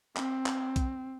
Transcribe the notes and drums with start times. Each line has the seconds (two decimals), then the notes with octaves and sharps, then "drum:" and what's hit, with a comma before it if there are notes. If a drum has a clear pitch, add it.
0.17 C4, drum: clap
0.46 drum: clap
0.76 drum: kick B1, hi-hat